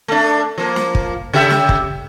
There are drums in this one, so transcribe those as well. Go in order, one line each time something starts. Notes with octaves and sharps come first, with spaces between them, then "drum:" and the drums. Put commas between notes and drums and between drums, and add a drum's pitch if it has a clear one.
A3 D4
F3 A#3
drum: snare
drum: kick
C#3 G4 E5
drum: snare
drum: kick